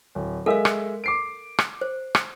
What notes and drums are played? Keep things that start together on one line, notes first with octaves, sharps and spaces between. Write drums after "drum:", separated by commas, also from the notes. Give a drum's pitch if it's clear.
D1
G#3 A4 A#4 E5 F5
drum: rim click
D6 C7 D7
drum: rim click
C5
drum: rim click